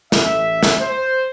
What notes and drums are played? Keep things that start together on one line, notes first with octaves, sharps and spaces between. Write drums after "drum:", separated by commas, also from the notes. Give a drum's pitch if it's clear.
A1 E5, drum: snare
drum: snare
C5